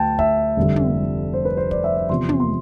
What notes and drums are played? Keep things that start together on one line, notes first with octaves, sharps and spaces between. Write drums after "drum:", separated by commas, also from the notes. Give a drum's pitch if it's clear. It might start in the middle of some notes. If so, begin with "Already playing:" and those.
Already playing: D2 G5 A5
E5, drum: kick
F1 F2 D3 G3
drum: tom
C5
B4
C5
D5, drum: kick
E5
D5
E2 C3 F3 C6
drum: tom
C6